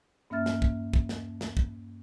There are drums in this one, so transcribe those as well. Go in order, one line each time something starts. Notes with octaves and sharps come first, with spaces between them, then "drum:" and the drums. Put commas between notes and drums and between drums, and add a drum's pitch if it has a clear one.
G2 A#3 C#4 E5 F6 A6
drum: snare
drum: kick
drum: kick
drum: snare
drum: snare
drum: kick